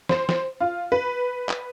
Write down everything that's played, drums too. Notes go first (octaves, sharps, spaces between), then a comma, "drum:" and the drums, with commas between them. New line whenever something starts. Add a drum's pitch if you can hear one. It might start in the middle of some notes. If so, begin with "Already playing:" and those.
C5, drum: snare
drum: snare
F4
B4
drum: clap